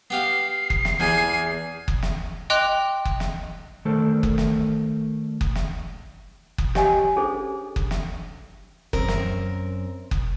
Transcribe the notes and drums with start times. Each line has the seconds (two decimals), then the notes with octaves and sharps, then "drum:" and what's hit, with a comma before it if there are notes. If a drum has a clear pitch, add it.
0.10 B3 G4 F5 C7
0.70 drum: kick F#1
0.85 drum: snare
1.00 E2 E3 G#4 G#5
1.88 drum: kick F#1
2.03 drum: snare
2.50 D#5 G5 C6 D6 F#6 F7
3.05 drum: kick F#1
3.20 drum: snare
3.85 D#3 A3 D4 A4 A#4 C5
4.23 drum: kick F#1
4.38 drum: snare
5.41 drum: kick F#1
5.55 drum: snare
6.58 drum: kick F#1
6.75 G4 C#5 D#5 F5 G5 G#5, drum: snare
7.16 C#4 D4 G#4 A4 C5 C#5
7.76 drum: kick F#1
7.91 drum: snare
8.93 F#2 C4 A#4, drum: kick F#1
9.08 drum: snare
10.11 drum: kick F#1